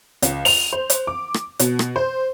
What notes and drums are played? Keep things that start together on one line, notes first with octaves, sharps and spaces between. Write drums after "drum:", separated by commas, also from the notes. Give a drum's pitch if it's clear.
C#2, drum: hi-hat
F7, drum: open hi-hat
C5
drum: hi-hat
D6
drum: rim click
B2, drum: hi-hat
drum: rim click
C5